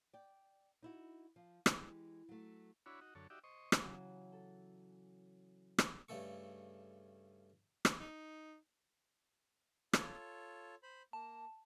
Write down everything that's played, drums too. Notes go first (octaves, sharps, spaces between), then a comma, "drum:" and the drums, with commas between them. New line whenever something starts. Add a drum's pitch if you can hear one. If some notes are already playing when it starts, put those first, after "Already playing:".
D5 G5
D#4 E4 F#4
F3
E3 G#3 G4, drum: rim click
F#3 A3
D4 E4 F#4 C#5 B5
D#4 F#4
F#2 D3 A4 C#5
D#4 F#4 G4 D5 E5
C5 D#5 C#6
drum: rim click
C#3 E3 F#3
A4
drum: rim click
G2 C#3 A3 A4 C#6
drum: rim click
D#4
F4 A4 C#5, drum: rim click
C5 B5
A#3 A5